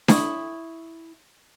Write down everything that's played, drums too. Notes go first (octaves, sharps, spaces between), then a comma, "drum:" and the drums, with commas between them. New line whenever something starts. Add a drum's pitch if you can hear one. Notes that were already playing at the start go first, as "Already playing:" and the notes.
E4 C#6 D#6, drum: snare D4